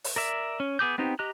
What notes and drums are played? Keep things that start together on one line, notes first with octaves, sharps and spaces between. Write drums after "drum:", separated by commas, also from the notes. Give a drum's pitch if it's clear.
drum: open hi-hat
A#4 D5 E5
C#4
B3 G#4 D6 G6
B3 C4 D#4 G4
G4 D#5 A#5 F#6